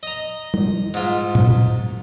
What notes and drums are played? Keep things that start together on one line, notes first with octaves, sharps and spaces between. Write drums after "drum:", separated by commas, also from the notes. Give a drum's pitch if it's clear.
D#5 A#5
drum: tom
G#2 F4
drum: tom